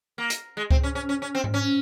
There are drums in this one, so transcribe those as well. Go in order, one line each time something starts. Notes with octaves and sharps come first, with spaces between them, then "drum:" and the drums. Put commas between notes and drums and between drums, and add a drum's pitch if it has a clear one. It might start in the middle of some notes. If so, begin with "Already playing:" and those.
A#3
drum: hi-hat
G#3
C4, drum: kick C#2
C#4
C#4
C#4
C#4
C4
drum: tom G#2
C#4